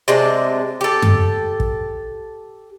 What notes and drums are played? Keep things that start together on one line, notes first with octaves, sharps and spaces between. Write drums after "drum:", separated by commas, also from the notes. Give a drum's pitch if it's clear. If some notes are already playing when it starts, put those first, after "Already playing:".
C3 G#3 D4
G4 A4
drum: tom F#2
drum: kick